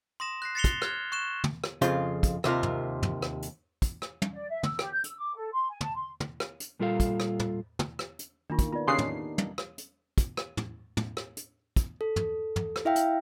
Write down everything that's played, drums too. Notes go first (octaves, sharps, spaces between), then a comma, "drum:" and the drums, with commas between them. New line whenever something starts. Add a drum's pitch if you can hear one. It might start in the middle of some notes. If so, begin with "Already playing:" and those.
C6 D#6 A#6 E7
F#6 A#6 C7
A6 A#6 C7 C#7 F7 G7
drum: kick, hi-hat
F6 F#6 G#6, drum: rim click
C#6 F#6 E7
drum: tom
drum: rim click
F2 C#3 F4 G#4 C5, drum: hi-hat
drum: kick, hi-hat
D#2 C3 F4 A#4, drum: rim click
drum: tom
drum: tom
drum: rim click
drum: hi-hat
drum: kick, hi-hat
drum: rim click
drum: tom
D5
E5
E6, drum: tom
G4, drum: rim click
G6
E6, drum: hi-hat
D6
A4
C6
G#5
A5, drum: tom
C6
drum: tom
drum: rim click
drum: hi-hat
A#2 G3 F4 A4 B4 F5
drum: kick, hi-hat
drum: rim click
drum: tom
drum: tom
drum: rim click
drum: hi-hat
D#3 A#3 D4 F4 C#6
drum: kick, hi-hat
B3 F4 D5
C#3 D4 D#4 G4 C6 D#6 F#6 C7
drum: tom
drum: tom
drum: rim click
drum: hi-hat
drum: kick, hi-hat
drum: rim click
drum: tom
drum: tom
drum: rim click
drum: hi-hat
drum: kick, hi-hat
A4
drum: tom
drum: tom
drum: rim click
E4 E5 F5 G5
drum: hi-hat